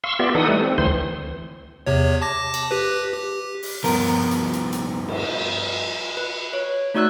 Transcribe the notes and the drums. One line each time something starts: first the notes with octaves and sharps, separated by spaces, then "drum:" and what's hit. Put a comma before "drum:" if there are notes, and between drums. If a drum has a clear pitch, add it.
F5 C6 C#6 E6
B3 F4 G4 D5 E5
E3 D#4 A4 F#5 D#6
G3 A3
C4
D2 E3 C5 C6
E2 C3 C#5
A5 D6 A#6
drum: cymbal
G4 B4
G4
drum: open hi-hat
G2 F3 B3 A#4, drum: open hi-hat
drum: hi-hat
drum: hi-hat
drum: hi-hat
drum: cymbal
B4
C#5
A3 D#4 F#4 D5 E6 F#6